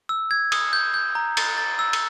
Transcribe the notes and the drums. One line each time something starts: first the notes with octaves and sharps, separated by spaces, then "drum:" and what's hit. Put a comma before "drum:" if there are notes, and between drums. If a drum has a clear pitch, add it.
E6
G#6
D#6, drum: cymbal
G6
G6
A#5
A6, drum: cymbal
A6
E6
drum: cymbal